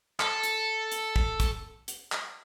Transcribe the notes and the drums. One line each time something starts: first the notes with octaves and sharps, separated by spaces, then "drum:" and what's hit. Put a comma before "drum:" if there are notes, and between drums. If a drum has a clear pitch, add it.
A4, drum: clap
drum: hi-hat
drum: hi-hat
drum: kick
drum: kick, hi-hat
drum: hi-hat
drum: clap